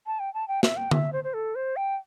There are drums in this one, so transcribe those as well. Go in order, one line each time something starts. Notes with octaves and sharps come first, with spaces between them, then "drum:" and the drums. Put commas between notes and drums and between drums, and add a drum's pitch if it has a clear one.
A5
G5
A5
G5
E5, drum: snare
G5
E5, drum: tom D3
C5
C5
A4
C5
G5